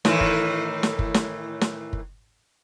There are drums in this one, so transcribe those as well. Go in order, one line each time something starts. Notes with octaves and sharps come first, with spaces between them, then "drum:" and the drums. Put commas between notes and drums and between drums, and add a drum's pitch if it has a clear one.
A2 D#3 E3, drum: snare
drum: kick
drum: snare
drum: kick
drum: snare
drum: snare
drum: kick